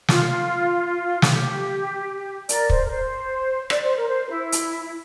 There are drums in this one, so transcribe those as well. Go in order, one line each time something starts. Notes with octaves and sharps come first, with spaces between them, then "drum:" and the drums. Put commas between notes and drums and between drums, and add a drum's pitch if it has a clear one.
F4, drum: snare
F4, drum: snare
G4
A#4 D5, drum: hi-hat
C5, drum: kick
A#4
C5
D5, drum: rim click
C5
A#4
C5
E4
drum: hi-hat
E4